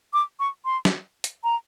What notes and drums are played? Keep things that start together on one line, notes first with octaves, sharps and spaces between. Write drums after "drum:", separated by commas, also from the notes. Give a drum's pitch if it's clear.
D6
C#6
C6
drum: snare
drum: hi-hat
A#5